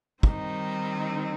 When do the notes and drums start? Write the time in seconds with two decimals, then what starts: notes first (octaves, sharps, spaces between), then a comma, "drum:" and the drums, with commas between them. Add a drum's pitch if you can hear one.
0.23 D#3 G3 C4 D#4, drum: kick